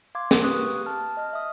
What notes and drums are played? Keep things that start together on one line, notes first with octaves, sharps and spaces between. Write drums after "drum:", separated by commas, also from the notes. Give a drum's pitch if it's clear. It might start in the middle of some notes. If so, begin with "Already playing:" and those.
F5 C6 D6 G#6
drum: snare
G4 B4 C#6 D#6 F#6
A5 F6
D#5 F6
E5 D#6